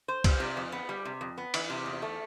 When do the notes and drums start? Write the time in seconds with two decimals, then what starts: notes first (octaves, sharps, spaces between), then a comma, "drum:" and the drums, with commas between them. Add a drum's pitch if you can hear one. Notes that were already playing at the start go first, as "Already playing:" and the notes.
0.08 C5
0.24 G3, drum: kick, cymbal
0.40 C3
0.57 F2
0.72 B3
0.89 G3
1.05 C3
1.21 F2
1.38 B3
1.54 E3, drum: cymbal
1.70 C3
1.86 E2
2.02 A3